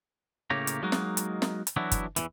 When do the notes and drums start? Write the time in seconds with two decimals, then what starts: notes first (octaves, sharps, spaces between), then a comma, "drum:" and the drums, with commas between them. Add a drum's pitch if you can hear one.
0.50 A2 C#3 A#3 G4 C#5 A#5
0.67 drum: hi-hat
0.83 F#3 G#3 A#3 D#4 F#4
0.92 drum: snare
1.17 drum: hi-hat
1.42 drum: snare
1.67 drum: hi-hat
1.76 E3 F#3 B3 D4 E4 F#4
1.92 drum: kick, hi-hat
2.16 E2 B2 E3, drum: hi-hat